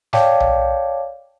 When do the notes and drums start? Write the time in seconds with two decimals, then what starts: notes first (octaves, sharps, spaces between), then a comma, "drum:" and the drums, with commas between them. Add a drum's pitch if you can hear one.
0.13 C#5 D5 F5 G5 A5 D6, drum: snare
0.40 drum: tom B1